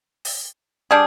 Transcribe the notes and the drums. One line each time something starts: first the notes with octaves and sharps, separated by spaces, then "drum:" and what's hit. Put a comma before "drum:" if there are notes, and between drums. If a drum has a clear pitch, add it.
drum: open hi-hat
G3 D4 G#4